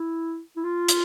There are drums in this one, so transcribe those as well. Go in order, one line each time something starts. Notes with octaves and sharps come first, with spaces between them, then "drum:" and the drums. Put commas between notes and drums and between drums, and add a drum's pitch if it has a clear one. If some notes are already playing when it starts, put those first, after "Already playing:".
Already playing: E4
E4
F4
drum: hi-hat